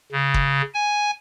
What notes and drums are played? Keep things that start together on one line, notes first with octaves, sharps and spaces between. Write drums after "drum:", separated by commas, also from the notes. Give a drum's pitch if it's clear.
C#3
drum: kick
G#5